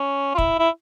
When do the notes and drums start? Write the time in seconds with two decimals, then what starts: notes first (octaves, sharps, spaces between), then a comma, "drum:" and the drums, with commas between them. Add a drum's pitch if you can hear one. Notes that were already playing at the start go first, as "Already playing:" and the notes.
Already playing: C#4
0.35 F4
0.38 E4, drum: kick
0.59 E4